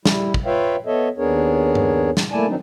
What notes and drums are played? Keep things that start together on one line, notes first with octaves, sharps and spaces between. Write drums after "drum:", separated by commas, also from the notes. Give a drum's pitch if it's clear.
G3 E4, drum: snare
drum: kick
F4 B4 C#5 E5 F5 G5
B3 A4 C#5 D#5 E5
D#2 B3 D4 G#4 A#4 C#5
drum: tom G2
drum: snare
A3 A#3 E4 D5 G#5 A5
D#3 F#3 C4 D4 D#4